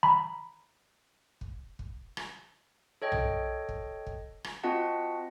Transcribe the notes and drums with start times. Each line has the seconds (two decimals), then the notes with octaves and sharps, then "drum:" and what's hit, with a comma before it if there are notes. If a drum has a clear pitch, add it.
0.03 A#5 B5
1.41 drum: kick
1.79 drum: kick
2.17 drum: rim click
3.02 A4 C#5 D#5 G5
3.12 drum: tom B1
3.69 drum: kick
4.07 drum: kick
4.44 drum: rim click
4.63 C4 F4 F#4 D#5 F#5 A5